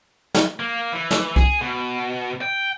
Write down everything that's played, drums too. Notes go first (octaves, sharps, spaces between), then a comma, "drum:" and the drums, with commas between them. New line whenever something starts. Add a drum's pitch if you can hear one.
drum: snare
A#3
E3
drum: snare
G#4, drum: kick C2
B2
G5